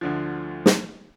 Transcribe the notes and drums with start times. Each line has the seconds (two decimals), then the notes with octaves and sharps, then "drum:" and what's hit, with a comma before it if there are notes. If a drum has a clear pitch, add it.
0.01 D2 D3 F3
0.66 drum: snare